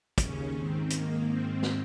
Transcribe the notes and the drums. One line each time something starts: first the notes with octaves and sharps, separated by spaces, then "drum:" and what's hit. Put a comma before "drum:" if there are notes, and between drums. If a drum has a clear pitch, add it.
D#2 C#3 C#4, drum: kick, hi-hat
G#2 D#3 C4
G#2 D#3 A#3, drum: hi-hat
G#2 D#3 C4
drum: snare